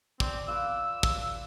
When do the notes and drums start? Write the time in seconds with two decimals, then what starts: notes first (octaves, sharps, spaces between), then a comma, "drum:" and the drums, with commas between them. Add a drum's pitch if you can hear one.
0.20 C4 D5, drum: kick
0.48 F4 B4 D6 E6
1.03 drum: kick